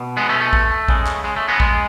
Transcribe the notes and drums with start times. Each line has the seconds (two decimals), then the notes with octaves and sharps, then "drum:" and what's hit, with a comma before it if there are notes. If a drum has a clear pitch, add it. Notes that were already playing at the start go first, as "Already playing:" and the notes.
Already playing: B2
0.17 G#3 B3
0.29 A3 C#4
0.41 A3
0.53 drum: kick
0.88 C#3 G#3, drum: kick
1.07 drum: clap
1.24 G#3
1.36 A3
1.48 G#3 B3
1.60 G#3, drum: kick